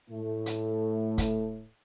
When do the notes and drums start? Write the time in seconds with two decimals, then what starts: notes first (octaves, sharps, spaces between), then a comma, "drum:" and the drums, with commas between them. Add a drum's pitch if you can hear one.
0.10 A2 A3
0.46 drum: hi-hat
1.18 drum: kick, hi-hat